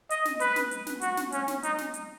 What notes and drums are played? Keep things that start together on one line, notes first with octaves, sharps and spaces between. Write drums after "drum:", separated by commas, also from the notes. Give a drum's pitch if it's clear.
D#5, drum: hi-hat
drum: snare
B4, drum: hi-hat
drum: snare
drum: hi-hat
drum: snare
F#4, drum: hi-hat
drum: snare
C#4, drum: hi-hat
drum: snare
D#4, drum: hi-hat
drum: snare
drum: hi-hat